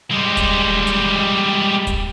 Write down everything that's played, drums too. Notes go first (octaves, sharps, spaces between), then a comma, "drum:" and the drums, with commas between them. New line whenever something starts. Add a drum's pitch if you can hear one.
G3 G#3
drum: kick D#1, hi-hat
drum: hi-hat
drum: kick D#1, hi-hat